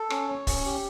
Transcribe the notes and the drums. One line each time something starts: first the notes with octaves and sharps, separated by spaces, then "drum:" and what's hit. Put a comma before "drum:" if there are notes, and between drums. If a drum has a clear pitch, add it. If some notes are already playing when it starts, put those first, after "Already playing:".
Already playing: A4
C#4, drum: rim click
C#5
C#4, drum: kick, open hi-hat
G4